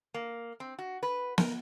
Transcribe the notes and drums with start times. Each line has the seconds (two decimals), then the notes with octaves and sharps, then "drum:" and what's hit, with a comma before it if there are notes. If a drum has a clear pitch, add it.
0.14 A#3
0.60 C4
0.79 F#4
1.03 B4
1.38 A#4, drum: snare